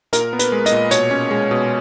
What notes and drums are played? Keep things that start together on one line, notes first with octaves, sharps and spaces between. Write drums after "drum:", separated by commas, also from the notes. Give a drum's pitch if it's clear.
A#2 A#4, drum: hi-hat
B3
B4, drum: hi-hat
G#3
D#5, drum: hi-hat
A#2
B2 C#5, drum: hi-hat
C#4
G#3
B2